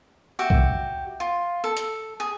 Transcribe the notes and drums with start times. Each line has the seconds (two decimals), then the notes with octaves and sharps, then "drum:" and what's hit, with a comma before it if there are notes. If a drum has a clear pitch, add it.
0.39 F#4 G4 E5
0.50 drum: kick B1
1.20 F4
1.64 A4
1.77 drum: hi-hat
2.20 G#4